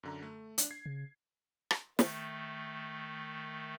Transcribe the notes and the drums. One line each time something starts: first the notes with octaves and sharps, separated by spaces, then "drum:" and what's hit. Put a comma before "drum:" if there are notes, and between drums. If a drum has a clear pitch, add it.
F#2 D3 A#5
A3
D4, drum: hi-hat
G#6 C7
C#3
drum: rim click
D#3 A3, drum: snare